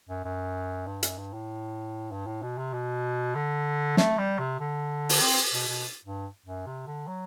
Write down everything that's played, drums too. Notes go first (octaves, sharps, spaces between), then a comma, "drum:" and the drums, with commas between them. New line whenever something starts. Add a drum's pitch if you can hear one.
F#2
F#2
G2
F#2, drum: hi-hat
G2
A2
G2
A2
B2
C3
B2
D3
A3, drum: snare
G3
C3
D3
drum: open hi-hat
C4
B2
B2
G2
F#2
C3
D3
F#3